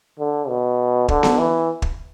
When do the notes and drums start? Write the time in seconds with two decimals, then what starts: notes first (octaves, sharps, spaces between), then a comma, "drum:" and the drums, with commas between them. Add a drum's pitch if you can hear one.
0.19 D3
0.48 B2
1.08 D3, drum: kick
1.23 drum: snare B3
1.38 E3
1.82 drum: kick